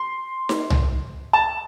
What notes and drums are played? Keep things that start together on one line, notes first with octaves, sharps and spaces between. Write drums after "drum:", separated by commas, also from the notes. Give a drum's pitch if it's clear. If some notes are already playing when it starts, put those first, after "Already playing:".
Already playing: C6
drum: snare D#4
drum: tom C2
A5